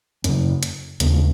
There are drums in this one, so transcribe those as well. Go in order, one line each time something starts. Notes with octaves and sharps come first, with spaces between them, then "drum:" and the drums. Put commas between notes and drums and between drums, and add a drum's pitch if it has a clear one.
F#2 C#3 C#4, drum: hi-hat
drum: hi-hat
D#2 C#3 B3, drum: hi-hat
G#3